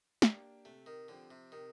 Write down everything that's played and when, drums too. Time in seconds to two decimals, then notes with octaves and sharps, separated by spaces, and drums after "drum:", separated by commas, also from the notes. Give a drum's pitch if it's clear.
0.22 A#3 D4 G4, drum: snare
0.65 C3 A3
0.86 D#3
1.08 D3 F3 C4 G4
1.30 C3
1.52 C3 D#3